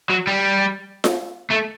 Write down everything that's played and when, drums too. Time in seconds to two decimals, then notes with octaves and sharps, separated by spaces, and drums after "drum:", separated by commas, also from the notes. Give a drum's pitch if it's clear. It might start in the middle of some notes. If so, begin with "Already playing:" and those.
0.10 F#3
0.27 G3
1.04 drum: snare F4
1.51 A3